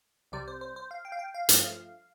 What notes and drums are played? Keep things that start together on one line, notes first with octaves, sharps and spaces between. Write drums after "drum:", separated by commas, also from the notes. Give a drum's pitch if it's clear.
C2 C3 G3 D5
C5
C5
C5
F5
G5
F5
G5
F5
G2 F3 A3, drum: hi-hat